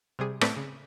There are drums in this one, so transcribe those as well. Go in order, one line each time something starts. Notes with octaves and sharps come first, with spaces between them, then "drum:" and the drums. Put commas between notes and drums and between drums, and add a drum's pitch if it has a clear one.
C3 G3 G#4
A2 A3 C4 B4 D5 B5, drum: rim click
C#3